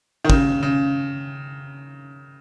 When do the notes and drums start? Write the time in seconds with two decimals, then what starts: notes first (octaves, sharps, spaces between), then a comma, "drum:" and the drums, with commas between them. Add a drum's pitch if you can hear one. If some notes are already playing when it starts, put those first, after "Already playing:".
0.24 D#3
0.30 C#3, drum: kick
0.63 C#3